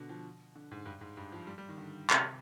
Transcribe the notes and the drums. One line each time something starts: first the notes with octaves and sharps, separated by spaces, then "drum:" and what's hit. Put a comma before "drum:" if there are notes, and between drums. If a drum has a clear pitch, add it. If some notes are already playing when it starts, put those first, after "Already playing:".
Already playing: B2 D3
F3
D3
G#2
G2
G#2
G2
F3
G3
G3
D#3
D3
C3, drum: clap